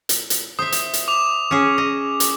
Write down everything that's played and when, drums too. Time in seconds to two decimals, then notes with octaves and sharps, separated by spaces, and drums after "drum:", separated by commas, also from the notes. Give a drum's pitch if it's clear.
0.09 drum: hi-hat
0.30 drum: hi-hat
0.59 C5 E5 D#6
0.72 drum: hi-hat
0.93 drum: hi-hat
1.08 D6 F7
1.51 C#4 G#4
1.78 D#5
2.20 drum: hi-hat